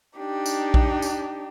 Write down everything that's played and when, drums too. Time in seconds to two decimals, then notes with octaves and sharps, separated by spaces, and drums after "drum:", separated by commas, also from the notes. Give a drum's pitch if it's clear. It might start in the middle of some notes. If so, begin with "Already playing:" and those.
0.17 D4 D#4 G4
0.46 drum: tambourine
0.74 drum: kick A#1
1.02 drum: tambourine